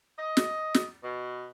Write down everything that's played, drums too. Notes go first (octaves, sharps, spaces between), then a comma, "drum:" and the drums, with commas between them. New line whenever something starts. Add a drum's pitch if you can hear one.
D#5
drum: snare
drum: snare
B2